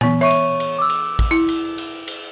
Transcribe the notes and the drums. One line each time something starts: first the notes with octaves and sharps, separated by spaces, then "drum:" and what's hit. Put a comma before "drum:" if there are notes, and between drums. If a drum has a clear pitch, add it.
E3 B3, drum: tom A#2
C#5 E5 C#6 D#7
drum: cymbal
drum: cymbal
D6 E6
drum: cymbal
drum: kick, cymbal
E4
drum: cymbal
drum: cymbal
drum: cymbal